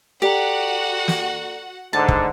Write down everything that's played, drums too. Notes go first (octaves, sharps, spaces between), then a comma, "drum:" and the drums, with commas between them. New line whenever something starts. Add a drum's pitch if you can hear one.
F#4 G4 A4 D5 F#5 A#5
drum: snare
G#2 D3 A5
drum: kick